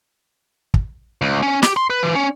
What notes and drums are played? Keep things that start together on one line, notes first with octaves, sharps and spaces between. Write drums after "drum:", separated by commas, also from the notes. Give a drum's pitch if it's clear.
drum: kick
C#2
C#4
G4, drum: snare
C6
B4
E3
C#4